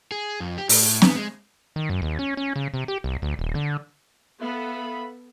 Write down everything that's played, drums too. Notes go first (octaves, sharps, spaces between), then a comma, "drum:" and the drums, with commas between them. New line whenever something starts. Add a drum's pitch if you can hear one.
G#4
F2
G4
A2, drum: open hi-hat
B3, drum: snare C4
G#3
D#3
F#2
D#2
C#4
C#4
C#3
C3
G4
C2
D2
D#1
D3
B3 A4 E5 F5 B5